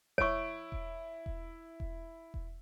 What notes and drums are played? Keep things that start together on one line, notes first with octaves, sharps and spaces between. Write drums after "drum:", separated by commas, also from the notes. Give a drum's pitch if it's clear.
E4 C#5 C#6 D7, drum: kick E1
drum: kick E1
drum: kick E1
drum: kick E1
drum: kick E1